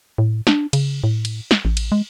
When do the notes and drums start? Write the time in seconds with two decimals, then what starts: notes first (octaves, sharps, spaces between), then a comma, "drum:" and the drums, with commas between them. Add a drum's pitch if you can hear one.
0.18 A2
0.47 D4, drum: snare
0.73 C#3, drum: cymbal
1.04 A2
1.25 drum: cymbal
1.51 drum: snare
1.65 A1
1.77 drum: cymbal
1.92 G#3